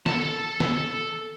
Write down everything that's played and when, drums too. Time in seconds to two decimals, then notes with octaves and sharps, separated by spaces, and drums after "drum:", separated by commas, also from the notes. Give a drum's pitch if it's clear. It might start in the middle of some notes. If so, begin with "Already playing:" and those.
0.06 A4 A5, drum: snare
0.60 drum: snare